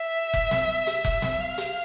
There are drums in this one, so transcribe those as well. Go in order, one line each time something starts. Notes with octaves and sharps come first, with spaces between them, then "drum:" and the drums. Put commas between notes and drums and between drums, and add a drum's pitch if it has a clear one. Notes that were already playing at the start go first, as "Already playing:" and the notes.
Already playing: E5
drum: kick F1
drum: snare
drum: hi-hat
drum: kick F1
drum: snare
F5
drum: hi-hat